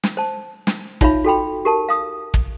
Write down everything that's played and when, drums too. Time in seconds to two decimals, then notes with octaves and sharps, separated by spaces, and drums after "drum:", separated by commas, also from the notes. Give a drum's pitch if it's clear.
0.04 drum: snare
0.17 C5 A5
0.67 drum: snare
1.01 D#4 F4 C#5 E5 F5 B5, drum: kick
1.24 F#4 A4 G5 B5
1.65 G4 A#4 A5
1.89 F5 D#6 E6
2.34 drum: kick